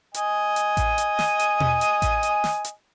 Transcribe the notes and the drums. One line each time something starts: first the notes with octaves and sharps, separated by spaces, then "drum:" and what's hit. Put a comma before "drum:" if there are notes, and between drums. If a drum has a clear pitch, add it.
D#5 G#5, drum: hi-hat
drum: hi-hat
drum: kick A1, hi-hat
drum: hi-hat
drum: snare
drum: hi-hat
drum: tom B2
drum: hi-hat
drum: kick A1, hi-hat
drum: hi-hat
drum: snare
drum: hi-hat